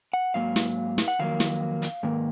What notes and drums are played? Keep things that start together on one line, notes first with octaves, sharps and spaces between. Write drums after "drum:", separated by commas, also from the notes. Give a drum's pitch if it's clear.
F#5
G#2 F#3 A#3 F5
drum: snare
drum: snare
F#5
F2 D#3 F#3 A#3 F5
drum: snare
drum: hi-hat
G#2 D#3 A#3